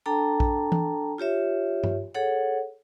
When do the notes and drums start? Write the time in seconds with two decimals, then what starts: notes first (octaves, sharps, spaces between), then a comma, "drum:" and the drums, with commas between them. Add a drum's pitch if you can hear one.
0.06 D4 A4 G5 A5 A#5
0.40 drum: kick A#1
0.72 drum: tom E3
1.18 F4 G4 C#5 E5
1.84 drum: tom G2
2.15 G#4 A4 C#5 F#5